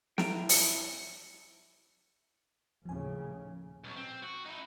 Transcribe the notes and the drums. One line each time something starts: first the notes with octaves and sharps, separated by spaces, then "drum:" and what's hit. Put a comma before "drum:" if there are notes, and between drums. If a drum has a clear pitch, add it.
E4 G5 A#5, drum: snare
drum: open hi-hat
D#2 A2 C#3 F3 G#5
B1 F#3
C4
F#4
D#4 E4